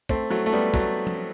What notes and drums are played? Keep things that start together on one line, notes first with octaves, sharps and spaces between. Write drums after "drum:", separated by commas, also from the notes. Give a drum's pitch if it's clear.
A3 C4, drum: kick
F#3 A3
A3
G3 B3
F#3 A3, drum: kick
drum: tom